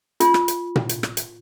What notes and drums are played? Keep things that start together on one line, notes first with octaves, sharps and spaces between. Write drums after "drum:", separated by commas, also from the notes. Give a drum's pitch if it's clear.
F4, drum: hi-hat
drum: rim click
drum: hi-hat
drum: tom A#2
drum: hi-hat
drum: rim click
drum: hi-hat